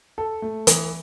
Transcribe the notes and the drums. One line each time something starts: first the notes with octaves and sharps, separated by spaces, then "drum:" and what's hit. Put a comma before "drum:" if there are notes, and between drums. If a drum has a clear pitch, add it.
A4
A3
E3, drum: hi-hat